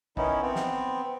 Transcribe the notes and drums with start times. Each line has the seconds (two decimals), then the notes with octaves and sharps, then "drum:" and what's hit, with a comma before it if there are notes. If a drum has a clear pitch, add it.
0.17 D#3 B3 C#4 D#4 E4, drum: kick
0.42 B3 C4
0.56 drum: snare